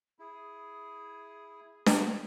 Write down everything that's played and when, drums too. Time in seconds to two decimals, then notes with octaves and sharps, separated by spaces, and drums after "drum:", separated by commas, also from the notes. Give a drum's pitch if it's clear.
0.19 E4 G#4
1.86 drum: snare D4